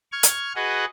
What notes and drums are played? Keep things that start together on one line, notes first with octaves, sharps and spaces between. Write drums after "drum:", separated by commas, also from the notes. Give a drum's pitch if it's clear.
C#6 F6 G#6
drum: hi-hat
F#4 G#4 B4 D#5 F#5